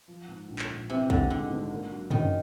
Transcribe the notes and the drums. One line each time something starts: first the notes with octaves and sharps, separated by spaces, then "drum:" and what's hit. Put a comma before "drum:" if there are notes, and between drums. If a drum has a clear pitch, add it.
F3
G#2
A#1
drum: clap
A#1
C3 E3
G#2 D3, drum: kick
D3 G#3
G#1
A#3
F#3
D#3 C#4, drum: tom F#2